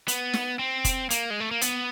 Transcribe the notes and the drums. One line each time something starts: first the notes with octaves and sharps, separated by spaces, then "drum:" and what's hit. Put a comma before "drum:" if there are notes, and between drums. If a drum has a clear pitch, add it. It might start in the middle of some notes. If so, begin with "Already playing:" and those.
B3, drum: hi-hat
drum: snare
C4
drum: kick F1, hi-hat
A#3, drum: hi-hat
G#3
A3
A#3
B3, drum: hi-hat